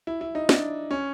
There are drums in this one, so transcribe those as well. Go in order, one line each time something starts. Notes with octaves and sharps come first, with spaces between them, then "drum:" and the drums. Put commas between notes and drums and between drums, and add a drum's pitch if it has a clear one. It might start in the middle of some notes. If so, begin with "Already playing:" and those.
E4
E4
D#4
D4, drum: snare
C#4